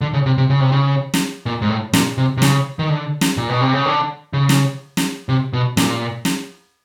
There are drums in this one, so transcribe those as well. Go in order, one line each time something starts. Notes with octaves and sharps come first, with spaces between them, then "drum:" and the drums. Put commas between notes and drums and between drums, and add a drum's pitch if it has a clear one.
D3
C#3
C3
C3
C#3
C3
C#3
drum: snare
A#2
G#2
A2
A#2, drum: snare
C3
C3
C#3, drum: snare
D#3
D3
drum: snare
A#2
B2
C3
C#3
D3
C#3
drum: snare
drum: snare
C3
B2
A#2, drum: snare
drum: snare